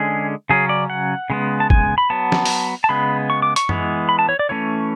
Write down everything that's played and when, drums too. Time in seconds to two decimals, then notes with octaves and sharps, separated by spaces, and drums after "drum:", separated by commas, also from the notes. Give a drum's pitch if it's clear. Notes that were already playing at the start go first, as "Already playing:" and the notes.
Already playing: D3 G#3 C#4 G#4
0.50 C#3 F#3 C#4 G#4
0.69 D5
0.90 F#5
1.30 C#3 G#3 B3
1.60 A5
1.70 G#5, drum: kick
1.98 B5
2.10 F#3 B3 A5
2.32 drum: snare
2.45 drum: open hi-hat
2.84 A5
2.89 C#3 G#3 B3 B5
3.30 C#6
3.42 D6
3.56 C#6, drum: hi-hat
3.69 E3 G#3 B3, drum: tom F#2
4.09 B5
4.19 A5
4.29 C#5
4.39 D5
4.49 E3 A3 C#4 C#5